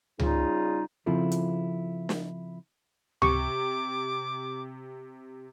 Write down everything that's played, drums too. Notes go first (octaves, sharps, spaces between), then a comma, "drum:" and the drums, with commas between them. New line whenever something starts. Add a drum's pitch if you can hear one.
C#3 G3 D#4 F4, drum: tom C#2
C#3 F3 C4 E4 F4 A4
drum: hi-hat
drum: snare
C3 C#6 D6, drum: tom C#2